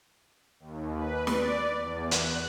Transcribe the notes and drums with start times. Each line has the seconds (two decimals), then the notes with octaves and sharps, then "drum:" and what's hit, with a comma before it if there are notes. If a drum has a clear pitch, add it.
0.60 D#2
0.95 B4
1.27 D5, drum: snare
1.79 E2
2.11 F#6, drum: hi-hat